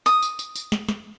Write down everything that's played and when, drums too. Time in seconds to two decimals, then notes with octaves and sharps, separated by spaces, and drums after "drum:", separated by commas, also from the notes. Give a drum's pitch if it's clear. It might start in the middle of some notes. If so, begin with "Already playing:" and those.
0.06 D#6, drum: tambourine
0.22 drum: tambourine
0.39 drum: tambourine
0.55 drum: tambourine
0.72 drum: snare
0.89 drum: snare